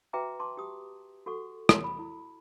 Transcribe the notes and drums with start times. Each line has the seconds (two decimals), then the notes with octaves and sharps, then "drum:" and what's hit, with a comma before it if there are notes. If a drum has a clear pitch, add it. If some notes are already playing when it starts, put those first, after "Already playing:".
0.13 F#4 B4 E5 G5 A#5 D6
0.39 A5 C6 D6
0.57 G4 D#6
1.26 F#4 A4 F#5 C#6
1.69 drum: rim click
1.84 B5
1.99 E4